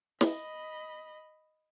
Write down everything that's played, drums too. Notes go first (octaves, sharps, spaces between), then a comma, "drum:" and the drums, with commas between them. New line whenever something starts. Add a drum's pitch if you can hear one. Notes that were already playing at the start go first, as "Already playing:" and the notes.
D#5 B5, drum: snare